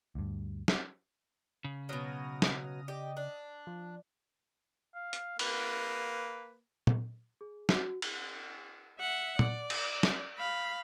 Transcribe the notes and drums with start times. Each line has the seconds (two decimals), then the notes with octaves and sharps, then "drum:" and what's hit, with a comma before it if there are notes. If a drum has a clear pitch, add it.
0.15 D2 G2
0.68 drum: snare
1.64 C#3
1.89 B2 F#3 D#6 F6 A#6
2.42 drum: snare
2.88 G4 D5 D#5
3.17 D4
3.67 F3
4.94 F5
5.13 drum: hi-hat
5.39 A#3 B4, drum: cymbal
6.87 drum: tom
7.41 G#4
7.69 F#4, drum: snare
8.02 drum: cymbal
9.00 E5 F#5
9.39 D5, drum: tom
9.70 drum: cymbal
10.03 drum: snare
10.38 F5 B5